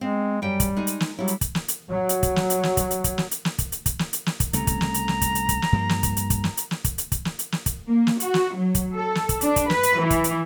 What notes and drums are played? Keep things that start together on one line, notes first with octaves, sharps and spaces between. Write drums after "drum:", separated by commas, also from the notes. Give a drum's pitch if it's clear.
G#3 C4
F#2 G3 G5
drum: kick, hi-hat
G#3 D#4
drum: hi-hat
drum: snare
F#3 G3 E4
drum: hi-hat
drum: kick, hi-hat
drum: snare
drum: hi-hat
F#3
drum: hi-hat
drum: kick, hi-hat
drum: snare
drum: hi-hat
drum: snare
drum: kick, hi-hat
drum: hi-hat
drum: kick, hi-hat
drum: snare
drum: hi-hat
drum: snare
drum: kick, hi-hat
drum: hi-hat
drum: kick, hi-hat
drum: snare
drum: hi-hat
drum: snare
drum: kick, hi-hat
C2 C#3 A3 A#5, drum: hi-hat
drum: kick, hi-hat
drum: snare
drum: hi-hat
drum: snare
drum: kick, hi-hat
drum: hi-hat
drum: kick, hi-hat
drum: snare
G2 F3 A#3
drum: snare
drum: kick, hi-hat
drum: hi-hat
drum: kick, hi-hat
drum: snare
drum: hi-hat
drum: snare
drum: kick, hi-hat
drum: hi-hat
drum: kick, hi-hat
drum: snare
drum: hi-hat
drum: snare
drum: kick, hi-hat
A#3
drum: snare
F#4, drum: hi-hat
drum: snare
F#3
drum: kick, hi-hat
A4
drum: snare
drum: kick, hi-hat
D4, drum: hi-hat
drum: kick, hi-hat
B4, drum: snare
drum: hi-hat
E3
drum: kick, hi-hat
drum: hi-hat